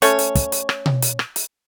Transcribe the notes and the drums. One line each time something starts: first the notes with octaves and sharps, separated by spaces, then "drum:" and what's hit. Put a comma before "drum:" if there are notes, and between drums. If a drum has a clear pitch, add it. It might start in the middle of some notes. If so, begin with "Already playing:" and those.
A3 C#4 C#5 C#6, drum: hi-hat
drum: hi-hat
drum: kick, hi-hat
drum: hi-hat
drum: rim click
drum: tom B2
drum: hi-hat
drum: rim click
drum: hi-hat